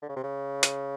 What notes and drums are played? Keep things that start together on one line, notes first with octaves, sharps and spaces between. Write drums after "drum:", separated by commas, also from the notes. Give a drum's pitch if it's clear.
D3
C#3
C3
C#3
drum: hi-hat